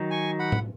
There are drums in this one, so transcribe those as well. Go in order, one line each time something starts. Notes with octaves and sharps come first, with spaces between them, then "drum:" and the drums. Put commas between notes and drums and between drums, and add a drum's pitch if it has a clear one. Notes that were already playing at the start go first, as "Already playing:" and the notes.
Already playing: D#3 F#3 D#4
G#5 C#6
F#5 B5
drum: tom A2